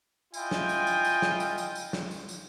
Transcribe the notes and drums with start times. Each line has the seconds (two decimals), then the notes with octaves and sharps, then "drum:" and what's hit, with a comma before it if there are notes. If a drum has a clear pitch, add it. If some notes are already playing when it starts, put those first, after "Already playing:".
0.34 E4 F4 D#5 G5 G#5, drum: tambourine
0.51 drum: snare
0.69 drum: tambourine
0.87 drum: tambourine
1.05 drum: tambourine
1.22 drum: snare
1.40 drum: tambourine
1.58 drum: tambourine
1.76 drum: tambourine
1.93 drum: snare
2.11 drum: tambourine
2.29 drum: tambourine